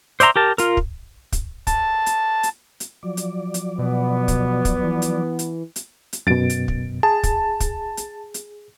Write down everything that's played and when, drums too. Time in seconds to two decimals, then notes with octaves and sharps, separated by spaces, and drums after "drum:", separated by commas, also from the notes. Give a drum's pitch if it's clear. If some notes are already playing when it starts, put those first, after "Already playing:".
0.20 C5 D5 E5 A#5 C6, drum: hi-hat
0.36 G4 A#4 A5
0.58 F4 A#4, drum: hi-hat
0.77 drum: kick
1.32 drum: kick, hi-hat
1.67 A5, drum: kick, hi-hat
2.06 drum: hi-hat
2.43 drum: hi-hat
2.80 drum: hi-hat
3.03 F3 F#3 D5
3.17 drum: hi-hat
3.54 drum: hi-hat
3.79 B2 B3
4.28 drum: kick, hi-hat
4.65 drum: kick, hi-hat
4.83 E3
5.02 drum: hi-hat
5.39 drum: hi-hat
5.76 drum: hi-hat
6.13 drum: hi-hat
6.27 F#2 B2 A6 D7
6.50 drum: hi-hat
6.68 drum: kick
7.03 G#4 A5
7.23 drum: kick, hi-hat
7.60 drum: kick, hi-hat
7.97 drum: hi-hat
8.34 drum: hi-hat